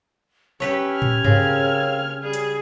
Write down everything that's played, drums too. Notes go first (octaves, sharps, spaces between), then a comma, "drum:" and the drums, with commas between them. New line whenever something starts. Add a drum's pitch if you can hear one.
C#4 G4 A4 B4 C#5
F6 G#6
drum: tom
C#3 A#3 C4, drum: tom G2
G3 G#4
drum: hi-hat